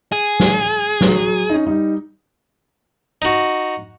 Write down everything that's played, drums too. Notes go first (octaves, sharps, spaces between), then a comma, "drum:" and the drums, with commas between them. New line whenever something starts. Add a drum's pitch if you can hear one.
G#4
drum: snare
F#3, drum: snare
C#4 D#4
G3 D#4
D#4 F#4